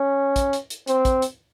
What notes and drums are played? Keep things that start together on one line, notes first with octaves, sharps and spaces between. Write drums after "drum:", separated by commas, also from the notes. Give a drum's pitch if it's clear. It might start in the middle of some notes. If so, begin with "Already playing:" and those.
Already playing: C#4
drum: kick, hi-hat
drum: hi-hat
drum: hi-hat
C4, drum: hi-hat
drum: kick, hi-hat
drum: hi-hat